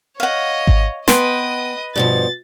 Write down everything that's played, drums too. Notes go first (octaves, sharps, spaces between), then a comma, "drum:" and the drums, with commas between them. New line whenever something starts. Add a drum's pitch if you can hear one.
C#5 D#5 F5 F#5
drum: kick G#1
B3 B4 D#5 G5 G#5 C6 D#6, drum: snare
G2 B2 F3 A6